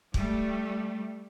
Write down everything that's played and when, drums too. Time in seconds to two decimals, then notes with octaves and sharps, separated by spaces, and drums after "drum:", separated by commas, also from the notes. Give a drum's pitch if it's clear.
0.14 G3 A3, drum: kick